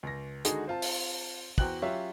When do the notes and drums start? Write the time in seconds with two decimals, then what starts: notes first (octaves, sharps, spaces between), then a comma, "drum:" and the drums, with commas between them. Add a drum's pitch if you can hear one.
0.03 C#2 A#6
0.45 D3 D#3 G#3 D#4 F#4 G#4, drum: hi-hat
0.67 C4 F4 A5
0.82 drum: open hi-hat
1.58 E2 F#4 C5 G5 F#6 F#7, drum: kick
1.82 F#3 C#4 F4 G4 C#5 E5